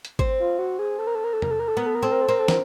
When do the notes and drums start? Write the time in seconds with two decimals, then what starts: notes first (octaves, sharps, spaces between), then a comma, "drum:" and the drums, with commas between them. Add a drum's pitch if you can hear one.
0.05 drum: hi-hat
0.19 C4, drum: kick G#1
0.40 F4
0.59 F#4
0.79 G#4
0.99 A4
1.07 A#4
1.15 A4
1.24 A#4
1.33 A4
1.42 A#4, drum: tom E2
1.51 A4
1.60 A#4
1.68 A4
1.77 B3 A#4
1.86 A4
1.95 A#4
2.03 C4 A4
2.12 A#4
2.22 A4
2.29 C4 A#4
2.39 A4
2.48 A#4, drum: snare